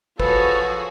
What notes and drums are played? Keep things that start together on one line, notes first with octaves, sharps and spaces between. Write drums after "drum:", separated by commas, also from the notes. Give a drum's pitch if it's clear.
F3 F#4 G#4 A4 B4 C#5, drum: kick